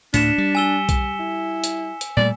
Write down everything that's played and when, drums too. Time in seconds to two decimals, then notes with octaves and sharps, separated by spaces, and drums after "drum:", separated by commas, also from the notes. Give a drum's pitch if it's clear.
0.14 D2 A2 D4 B6 C#7 E7, drum: hi-hat
0.38 G3
0.55 G#5 E6 G7
0.89 drum: kick B1, hi-hat
1.20 E4
1.64 drum: hi-hat
2.01 drum: hi-hat
2.17 A#2 G3 A3 D5